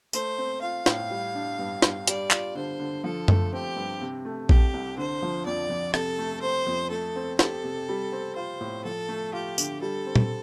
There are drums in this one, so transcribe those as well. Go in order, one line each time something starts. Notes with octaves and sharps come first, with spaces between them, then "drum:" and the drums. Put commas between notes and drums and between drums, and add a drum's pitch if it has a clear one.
A3 C5, drum: tambourine
C4
F4 F5
A2, drum: snare
G3
D4
G2
G2, drum: snare
G3 D5, drum: hi-hat
F4, drum: clap
D3 C5
D3
F3 A4
A3, drum: tom F#2
C4 G4
G2
C3
A3
C2 G4, drum: kick A#1
C2
D3 C5
F3
F2 D5
F2
C3 A4, drum: rim click
A3
C4 C5
F2
A3 A4
C4
G4 A4, drum: snare
C3
G3
C4
F4 C5
A2
F3 A4
A3
F4 G4
D3, drum: tambourine
G3 A4
C4
drum: tom A#2